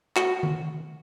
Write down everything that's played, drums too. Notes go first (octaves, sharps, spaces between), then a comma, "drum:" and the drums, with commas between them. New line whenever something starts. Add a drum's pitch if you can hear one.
F#4, drum: clap
drum: tom D#3